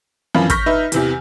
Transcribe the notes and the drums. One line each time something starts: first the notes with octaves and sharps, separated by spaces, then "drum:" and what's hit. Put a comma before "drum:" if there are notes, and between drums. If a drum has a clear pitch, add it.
F#2 E3 F3 C4 F5 B5
C#6 F6 G6 A#6 B6, drum: kick, hi-hat
D#4 B4 E5
E2 C3 E3, drum: hi-hat